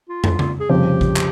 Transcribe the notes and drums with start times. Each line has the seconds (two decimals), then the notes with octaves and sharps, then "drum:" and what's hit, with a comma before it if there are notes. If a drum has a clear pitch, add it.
0.09 F4
0.24 drum: tom
0.39 drum: tom C#3
0.60 G#4
0.70 F1 F2 C#3 G3 C4 G4
1.01 drum: kick
1.17 drum: clap